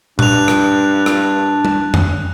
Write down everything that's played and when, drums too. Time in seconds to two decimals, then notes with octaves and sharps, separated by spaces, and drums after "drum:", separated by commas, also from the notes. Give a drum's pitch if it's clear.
0.19 G2 D4 F#6 F7, drum: tom A#2
0.48 drum: rim click
1.06 drum: rim click
1.65 drum: tom G3
1.94 drum: tom F2